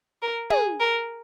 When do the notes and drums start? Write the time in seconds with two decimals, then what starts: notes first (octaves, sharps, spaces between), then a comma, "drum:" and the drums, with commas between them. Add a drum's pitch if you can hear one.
0.22 A#4
0.50 G#4, drum: tom
0.80 A#4